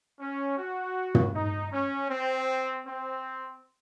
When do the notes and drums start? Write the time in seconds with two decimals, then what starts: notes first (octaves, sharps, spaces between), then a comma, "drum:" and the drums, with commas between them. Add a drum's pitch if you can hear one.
0.20 C#4
0.58 F#4
1.15 drum: tom
1.34 D#4
1.72 C#4
2.10 C4
2.86 C4